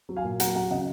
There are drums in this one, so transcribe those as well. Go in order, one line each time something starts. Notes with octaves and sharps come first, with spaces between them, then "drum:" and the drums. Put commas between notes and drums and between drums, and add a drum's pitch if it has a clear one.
F#3
F5 G#5
A#2
F#3 F#5 A#5, drum: hi-hat
F#3 F#5 A#5
C#3 D#5 F#5